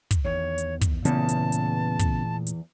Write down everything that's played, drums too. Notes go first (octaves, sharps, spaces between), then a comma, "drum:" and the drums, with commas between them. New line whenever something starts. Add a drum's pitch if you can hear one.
drum: kick, hi-hat
E2 D#3 C#5
drum: hi-hat
drum: kick, hi-hat
E2 A#2 C#3 A3 B3 A5, drum: hi-hat
drum: hi-hat
drum: hi-hat
drum: kick, hi-hat
drum: hi-hat